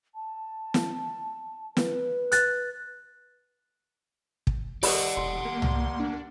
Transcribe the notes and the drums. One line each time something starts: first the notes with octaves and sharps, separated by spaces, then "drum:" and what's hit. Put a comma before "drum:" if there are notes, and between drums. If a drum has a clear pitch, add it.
A5
drum: snare
B4, drum: snare
F#6 A6, drum: hi-hat
drum: kick
G3 D5 D#5 F#5, drum: open hi-hat
E1 C6
A#3
drum: tom
D4